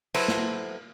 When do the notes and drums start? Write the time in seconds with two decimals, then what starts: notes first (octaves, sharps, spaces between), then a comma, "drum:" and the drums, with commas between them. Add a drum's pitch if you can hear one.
0.14 F#3 E4 A4 B4 C5, drum: cymbal
0.28 drum: snare